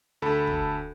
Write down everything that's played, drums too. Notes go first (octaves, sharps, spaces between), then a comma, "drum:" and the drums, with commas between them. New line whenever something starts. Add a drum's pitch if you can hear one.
D2 A4 A5 B5
drum: kick